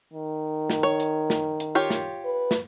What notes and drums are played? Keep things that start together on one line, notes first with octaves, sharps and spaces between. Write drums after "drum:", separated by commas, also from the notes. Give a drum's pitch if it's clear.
D#3
drum: snare
C#5
drum: hi-hat
drum: snare
drum: hi-hat
F4 G4 C#5
drum: snare
B4
drum: snare